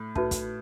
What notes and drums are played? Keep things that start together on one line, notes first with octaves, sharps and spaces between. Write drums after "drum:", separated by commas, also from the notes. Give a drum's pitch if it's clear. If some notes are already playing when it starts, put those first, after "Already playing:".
Already playing: A2
A2 D#4 F#4 B4 E5 A5, drum: kick
drum: kick, hi-hat